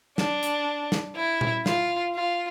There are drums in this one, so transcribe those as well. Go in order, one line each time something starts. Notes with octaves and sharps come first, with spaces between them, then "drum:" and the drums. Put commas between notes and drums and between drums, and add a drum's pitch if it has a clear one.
D4, drum: snare
drum: hi-hat
drum: snare
E4
drum: tom A#2
F4, drum: snare
F4